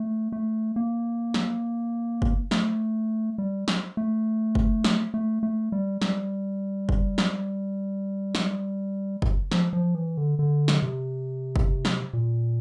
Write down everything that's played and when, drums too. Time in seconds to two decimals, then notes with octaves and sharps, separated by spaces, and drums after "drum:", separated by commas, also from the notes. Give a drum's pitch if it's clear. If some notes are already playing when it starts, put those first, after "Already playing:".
Already playing: A3
0.32 A3
0.76 A#3
1.34 drum: snare
2.22 drum: kick F#1
2.51 A3, drum: snare
3.38 G3
3.68 drum: snare
3.97 A3
4.55 drum: kick F#1
4.84 drum: snare
5.14 A3
5.43 A3
5.72 G3
6.02 G3, drum: snare
6.89 drum: kick F#1
7.18 drum: snare
8.35 drum: snare
9.22 drum: kick F#1
9.51 F3, drum: snare
9.73 F3
9.95 E3
10.17 D3
10.39 D3
10.68 drum: snare
10.82 C3
11.56 drum: kick F#1
11.85 drum: snare
12.13 A#2